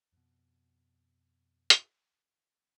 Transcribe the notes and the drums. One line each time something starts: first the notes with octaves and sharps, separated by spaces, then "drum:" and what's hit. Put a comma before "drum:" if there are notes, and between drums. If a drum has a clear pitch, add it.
F2 B2
drum: hi-hat